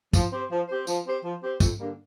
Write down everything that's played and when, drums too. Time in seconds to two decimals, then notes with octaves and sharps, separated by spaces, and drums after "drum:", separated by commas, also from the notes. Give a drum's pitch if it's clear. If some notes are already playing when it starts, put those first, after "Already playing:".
0.13 F3, drum: kick, tambourine
0.32 C4 G4 C5
0.50 F3
0.68 C4 G4 C5
0.87 F3, drum: tambourine
1.05 C4 G4 C5
1.24 F3
1.42 C4 G4 C5
1.60 F2, drum: kick, tambourine
1.79 D3 G3 A#3